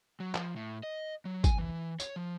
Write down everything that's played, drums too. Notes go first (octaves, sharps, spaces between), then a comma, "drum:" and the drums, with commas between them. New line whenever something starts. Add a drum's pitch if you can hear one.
F#3
F3, drum: clap
A2
D#5
F#3
G#5, drum: kick, tambourine
E3
C#5, drum: tambourine
F3